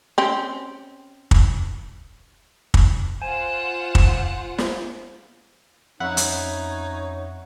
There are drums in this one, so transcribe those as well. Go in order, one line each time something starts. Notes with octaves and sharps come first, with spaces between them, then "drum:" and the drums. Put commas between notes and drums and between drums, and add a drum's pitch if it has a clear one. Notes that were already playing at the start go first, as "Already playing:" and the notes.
C4 C#4
drum: kick
drum: kick
F4 C5 F#5 G#5 E7
drum: kick
drum: snare
F2 C#4 D#4 C#5 E5 F#5 B5
drum: hi-hat